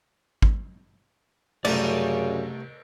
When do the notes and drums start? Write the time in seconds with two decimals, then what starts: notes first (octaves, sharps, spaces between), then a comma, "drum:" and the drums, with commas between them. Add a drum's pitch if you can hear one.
0.42 drum: kick
1.65 C2 F#2 C#3 A3 D5 A#5, drum: cymbal